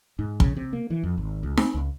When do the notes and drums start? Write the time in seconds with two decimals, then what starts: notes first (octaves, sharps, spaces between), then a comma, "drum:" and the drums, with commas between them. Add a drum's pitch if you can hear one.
0.19 G#2
0.40 C#3, drum: kick
0.56 C3
0.73 A#3
0.90 E3
1.03 F2
1.18 G#1
1.43 C#2
1.57 C4, drum: snare D#4
1.74 C#2